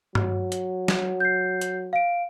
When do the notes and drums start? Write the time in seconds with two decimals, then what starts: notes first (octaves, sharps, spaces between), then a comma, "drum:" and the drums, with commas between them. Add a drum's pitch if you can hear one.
0.15 F#3, drum: tom G2
0.52 drum: hi-hat
0.88 drum: snare
1.20 G6 C7
1.61 drum: hi-hat
1.93 F5 D7